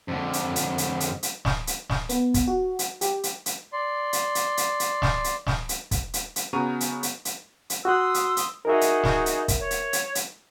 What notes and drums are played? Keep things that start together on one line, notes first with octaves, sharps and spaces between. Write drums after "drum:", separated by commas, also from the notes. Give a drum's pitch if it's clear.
F2 D3
drum: hi-hat
drum: hi-hat
drum: hi-hat
drum: hi-hat
drum: hi-hat
drum: snare
drum: hi-hat
drum: snare
B3, drum: hi-hat
drum: kick, hi-hat
F#4
drum: hi-hat
G4, drum: hi-hat
drum: hi-hat
drum: hi-hat
D5 C6
drum: hi-hat
drum: hi-hat
drum: hi-hat
drum: hi-hat
drum: snare
drum: hi-hat
drum: snare
drum: hi-hat
drum: kick, hi-hat
drum: hi-hat
drum: hi-hat
C#3 B3 F#4 A#5 C#6 D#7
drum: hi-hat
drum: hi-hat
drum: hi-hat
drum: hi-hat
F#4 C6 D#6 E6 F#6
drum: hi-hat
drum: hi-hat
D#4 F#4 G#4 A#4 E5
drum: hi-hat
drum: snare
drum: hi-hat
drum: kick, hi-hat
C#5
drum: hi-hat
drum: hi-hat
drum: hi-hat